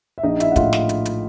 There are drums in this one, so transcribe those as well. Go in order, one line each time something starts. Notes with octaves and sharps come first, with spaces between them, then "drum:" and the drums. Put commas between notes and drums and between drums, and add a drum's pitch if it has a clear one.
E5
A#1 D#4 D#5
E4 E5, drum: hi-hat
F#5
A2 F4 F5, drum: kick, hi-hat
drum: snare
drum: hi-hat
drum: hi-hat